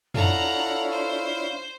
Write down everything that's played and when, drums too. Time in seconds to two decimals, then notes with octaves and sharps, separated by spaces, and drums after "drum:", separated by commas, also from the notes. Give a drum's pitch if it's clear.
0.14 D4 E4 F4 A4 C#5 F5 F#5 A#5, drum: tom
0.91 C5